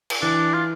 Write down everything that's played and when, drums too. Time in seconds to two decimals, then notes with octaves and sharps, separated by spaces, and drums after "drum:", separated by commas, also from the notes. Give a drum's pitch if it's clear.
0.10 drum: cymbal
0.22 E3 D4
0.53 F4